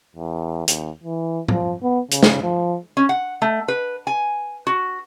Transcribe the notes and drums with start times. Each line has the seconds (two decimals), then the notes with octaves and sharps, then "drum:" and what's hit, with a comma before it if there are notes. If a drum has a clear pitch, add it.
0.16 E2
0.68 D#2, drum: hi-hat
1.03 E3
1.48 F3, drum: tom A2
1.83 B3
2.11 C#3, drum: hi-hat
2.23 drum: snare
2.43 F3
2.97 C#4
3.09 F#5
3.42 A3
3.68 B4
4.07 G#5
4.67 F#4